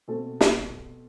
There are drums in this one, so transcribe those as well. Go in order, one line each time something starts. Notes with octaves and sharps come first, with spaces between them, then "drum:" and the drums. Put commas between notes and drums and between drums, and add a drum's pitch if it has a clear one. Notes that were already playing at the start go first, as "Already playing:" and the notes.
B2 A3 C4 F#4 A4
drum: snare